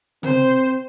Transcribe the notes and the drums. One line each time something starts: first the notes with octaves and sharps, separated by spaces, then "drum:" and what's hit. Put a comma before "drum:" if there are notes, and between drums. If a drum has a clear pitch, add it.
C4 C5, drum: tom C3